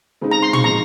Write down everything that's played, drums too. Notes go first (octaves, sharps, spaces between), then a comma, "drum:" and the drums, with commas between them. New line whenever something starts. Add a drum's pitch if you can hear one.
C#3 G#3 C4 D#4
A#5
C6
C#6, drum: tom
F3 G#3 D#4 A#5